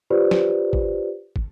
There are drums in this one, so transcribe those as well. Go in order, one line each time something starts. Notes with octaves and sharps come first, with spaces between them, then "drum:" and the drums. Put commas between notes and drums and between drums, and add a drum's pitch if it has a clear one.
F4 G4 B4 C5 D5
drum: snare
drum: kick
drum: kick